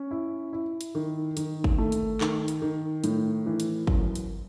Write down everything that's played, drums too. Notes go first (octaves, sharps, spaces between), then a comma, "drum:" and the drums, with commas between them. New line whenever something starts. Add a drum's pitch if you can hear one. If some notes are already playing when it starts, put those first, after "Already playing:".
Already playing: C#4
E4
E4
drum: hi-hat
D#3
D#3, drum: hi-hat
drum: kick
A3
drum: hi-hat
D#3, drum: clap
drum: hi-hat
D#3
A2, drum: hi-hat
E3
drum: hi-hat
F#2, drum: kick
drum: hi-hat